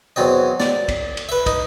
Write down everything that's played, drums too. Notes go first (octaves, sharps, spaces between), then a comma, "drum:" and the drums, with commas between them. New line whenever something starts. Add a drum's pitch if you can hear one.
E2 F#3 C4 D#5
D5, drum: snare
drum: kick, cymbal
drum: cymbal
B4 E5
D#4, drum: kick, cymbal